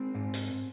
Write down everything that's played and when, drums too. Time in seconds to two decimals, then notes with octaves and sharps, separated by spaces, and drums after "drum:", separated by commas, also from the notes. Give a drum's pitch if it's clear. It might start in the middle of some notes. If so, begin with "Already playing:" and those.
Already playing: G#3 C4
0.15 G#2
0.34 drum: hi-hat